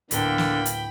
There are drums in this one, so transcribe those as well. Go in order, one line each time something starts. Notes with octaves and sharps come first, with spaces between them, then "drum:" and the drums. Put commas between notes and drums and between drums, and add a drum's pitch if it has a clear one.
D1 D3 A#3 B3 G5 A5 B5, drum: hi-hat
drum: snare
drum: hi-hat